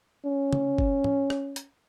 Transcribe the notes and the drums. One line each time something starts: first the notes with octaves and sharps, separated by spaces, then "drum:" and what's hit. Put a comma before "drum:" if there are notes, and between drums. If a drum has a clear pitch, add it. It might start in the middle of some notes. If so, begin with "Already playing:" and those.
C#4
drum: tom C#3
drum: kick F#1
drum: tom
drum: rim click
drum: hi-hat